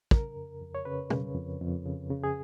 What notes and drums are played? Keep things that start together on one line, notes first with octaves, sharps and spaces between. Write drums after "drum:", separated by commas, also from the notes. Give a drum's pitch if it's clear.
C#3 A#4, drum: kick
F2
F2
C#5
C#3 B4
C#3, drum: tom
F2
F2
C#3
C#3
G#4